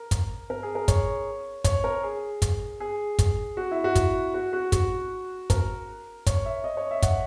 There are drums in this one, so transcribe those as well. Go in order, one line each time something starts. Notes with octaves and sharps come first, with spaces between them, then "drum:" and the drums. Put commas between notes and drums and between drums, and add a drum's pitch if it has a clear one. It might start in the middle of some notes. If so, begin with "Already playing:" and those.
Already playing: A#4
drum: kick, hi-hat
A#4
G#4
A#4
C#5, drum: kick, hi-hat
C#5, drum: kick, hi-hat
A#4
G#4
drum: kick, hi-hat
G#4
drum: kick, hi-hat
F#4
E4
F#4
drum: kick, hi-hat
F#4
F#4
F#4, drum: kick, hi-hat
A#4, drum: kick, hi-hat
C#5, drum: kick, hi-hat
E5
D#5
C#5
E5
F#5, drum: kick, hi-hat